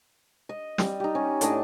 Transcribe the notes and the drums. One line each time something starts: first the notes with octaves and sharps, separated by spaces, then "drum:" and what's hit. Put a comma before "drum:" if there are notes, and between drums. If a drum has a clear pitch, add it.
D#5
G3, drum: snare
D#4 G4
C#4
A2 D4 D#5 D6, drum: hi-hat